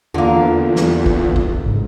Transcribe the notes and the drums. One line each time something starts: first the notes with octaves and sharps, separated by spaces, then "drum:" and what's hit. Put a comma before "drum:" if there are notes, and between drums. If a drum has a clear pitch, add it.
E2 D3 A#3 B3 F4
drum: snare
drum: kick A1
drum: kick A1
G#2 C#3